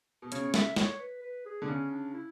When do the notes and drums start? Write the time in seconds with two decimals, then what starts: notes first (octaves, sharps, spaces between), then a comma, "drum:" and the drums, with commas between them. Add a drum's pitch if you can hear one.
0.22 B2
0.32 C#3 C#5, drum: hi-hat
0.54 E5, drum: snare
0.76 C#5, drum: snare
0.99 B4
1.22 B4
1.45 G#4
1.62 D3
1.68 C#3 C#4
1.91 D4
2.14 E4